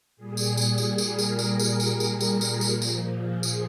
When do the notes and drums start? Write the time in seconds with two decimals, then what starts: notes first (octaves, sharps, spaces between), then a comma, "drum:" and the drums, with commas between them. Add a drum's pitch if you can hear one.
0.17 A#2 G3 G#4
0.37 drum: tambourine
0.57 drum: tambourine
0.78 G#4, drum: tambourine
0.98 drum: tambourine
1.08 A#4
1.19 drum: tambourine
1.39 G#4, drum: tambourine
1.59 drum: tambourine
1.80 drum: tambourine
2.00 G#4, drum: tambourine
2.21 drum: tambourine
2.41 drum: tambourine
2.61 A#2 F3, drum: tambourine
2.82 drum: tambourine
3.23 G#4
3.43 drum: tambourine